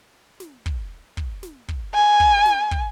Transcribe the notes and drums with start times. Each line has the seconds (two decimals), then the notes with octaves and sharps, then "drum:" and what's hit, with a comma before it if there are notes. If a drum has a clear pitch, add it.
0.40 drum: snare
0.66 drum: kick
1.17 drum: kick
1.43 drum: snare
1.68 drum: kick
1.94 G#5
2.20 drum: kick
2.46 drum: snare
2.71 drum: kick